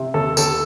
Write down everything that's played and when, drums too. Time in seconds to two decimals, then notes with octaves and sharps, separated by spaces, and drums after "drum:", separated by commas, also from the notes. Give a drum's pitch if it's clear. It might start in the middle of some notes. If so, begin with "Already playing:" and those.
Already playing: C3
0.14 D#2 A4
0.37 D#2 A4, drum: tambourine